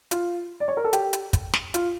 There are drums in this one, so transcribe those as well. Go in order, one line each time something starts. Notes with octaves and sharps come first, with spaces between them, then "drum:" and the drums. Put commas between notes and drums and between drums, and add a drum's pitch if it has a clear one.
F4, drum: hi-hat
D5
C#5
A#4
A4
G4, drum: hi-hat
drum: hi-hat
drum: kick, hi-hat
drum: snare
F4, drum: hi-hat